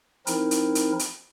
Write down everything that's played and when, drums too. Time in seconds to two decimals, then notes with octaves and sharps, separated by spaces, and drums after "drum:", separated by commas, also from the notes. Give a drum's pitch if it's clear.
0.27 F3 C4 D#4 E4 A#4, drum: hi-hat
0.51 drum: hi-hat
0.75 drum: hi-hat
0.99 drum: hi-hat